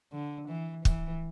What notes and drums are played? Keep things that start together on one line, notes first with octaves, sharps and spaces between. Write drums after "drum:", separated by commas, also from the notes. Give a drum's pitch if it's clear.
D3
E3
E3, drum: kick